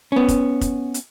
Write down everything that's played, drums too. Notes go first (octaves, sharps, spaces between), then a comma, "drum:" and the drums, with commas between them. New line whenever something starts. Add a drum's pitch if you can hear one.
B3 C#4
drum: kick, hi-hat
drum: kick, hi-hat
drum: hi-hat